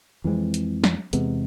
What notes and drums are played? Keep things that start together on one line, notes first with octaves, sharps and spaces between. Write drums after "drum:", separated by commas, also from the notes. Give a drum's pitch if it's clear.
F2 E3 G#3 C4
drum: hi-hat
drum: snare
E2 C3 G#3 B3, drum: hi-hat